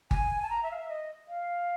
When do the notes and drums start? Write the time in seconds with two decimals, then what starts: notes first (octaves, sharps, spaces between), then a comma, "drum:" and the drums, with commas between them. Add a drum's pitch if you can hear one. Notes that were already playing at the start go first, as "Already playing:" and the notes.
0.11 G#5, drum: kick G1
0.42 A5
0.49 A#5
0.63 E5
0.71 F5
0.76 E5
0.89 D#5
1.28 F5